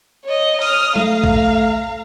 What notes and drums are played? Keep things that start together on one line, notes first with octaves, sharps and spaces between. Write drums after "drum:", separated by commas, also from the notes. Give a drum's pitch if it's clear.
C#5 D#5
D#6 F6, drum: open hi-hat
A3 F5 A#5, drum: tom F#3
drum: kick